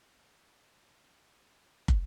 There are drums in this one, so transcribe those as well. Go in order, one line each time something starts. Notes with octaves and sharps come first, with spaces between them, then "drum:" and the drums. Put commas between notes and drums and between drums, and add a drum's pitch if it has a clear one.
F#5 B5 C#6
drum: kick